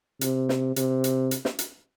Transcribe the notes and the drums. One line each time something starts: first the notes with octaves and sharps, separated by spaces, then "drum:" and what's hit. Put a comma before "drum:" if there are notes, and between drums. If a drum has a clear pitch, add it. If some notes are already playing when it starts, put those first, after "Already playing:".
C3, drum: hi-hat
drum: snare
C3, drum: hi-hat
drum: hi-hat
drum: hi-hat
drum: snare
drum: hi-hat